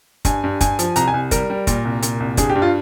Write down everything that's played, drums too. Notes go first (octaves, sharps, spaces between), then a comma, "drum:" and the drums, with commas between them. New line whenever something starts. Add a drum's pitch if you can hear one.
G2 G#5, drum: kick, hi-hat
G2
G2 G#5, drum: kick, hi-hat
F3, drum: hi-hat
C2 A#5, drum: hi-hat
G#5
C2
G3 A#4, drum: kick, hi-hat
G3
A#2, drum: kick, hi-hat
C2
A#2, drum: hi-hat
C2
G2 G#4, drum: kick, hi-hat
G4
G2
F4